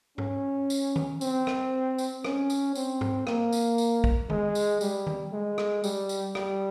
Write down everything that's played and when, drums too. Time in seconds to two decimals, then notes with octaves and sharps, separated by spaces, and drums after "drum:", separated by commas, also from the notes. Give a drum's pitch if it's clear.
0.18 C#4, drum: tom G#2
0.70 drum: tambourine
0.96 drum: tom D#3
1.21 C4, drum: tambourine
1.47 drum: rim click
1.98 drum: tambourine
2.24 C#4, drum: rim click
2.50 drum: tambourine
2.75 C4, drum: tambourine
3.01 drum: tom G#2
3.27 A#3, drum: rim click
3.53 drum: tambourine
3.78 drum: tambourine
4.04 drum: kick
4.30 G#3, drum: tom D#3
4.55 drum: tambourine
4.81 G3, drum: tambourine
5.07 drum: tom D#3
5.32 G#3
5.58 drum: rim click
5.84 G3, drum: tambourine
6.09 drum: tambourine
6.35 G3, drum: rim click